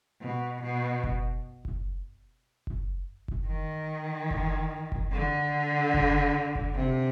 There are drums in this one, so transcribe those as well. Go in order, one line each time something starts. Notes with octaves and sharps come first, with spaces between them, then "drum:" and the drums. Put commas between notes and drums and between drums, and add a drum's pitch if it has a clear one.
B2
B2
drum: kick F#1
drum: kick F#1
drum: kick F#1
drum: kick F#1
D#3
drum: kick F#1
drum: kick F#1
D3
drum: kick F#1
drum: kick F#1
C3